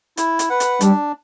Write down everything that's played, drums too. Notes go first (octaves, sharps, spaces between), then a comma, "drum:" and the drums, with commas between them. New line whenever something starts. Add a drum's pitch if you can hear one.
E4, drum: hi-hat
drum: hi-hat
B4 F#5
drum: hi-hat
G3 D4, drum: hi-hat